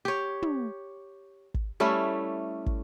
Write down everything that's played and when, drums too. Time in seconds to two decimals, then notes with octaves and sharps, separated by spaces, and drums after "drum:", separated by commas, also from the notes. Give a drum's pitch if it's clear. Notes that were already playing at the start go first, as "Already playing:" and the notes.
0.05 G4 C#5
0.42 drum: tom
1.54 drum: kick
1.80 G3 A3 C#4 E4
2.66 drum: kick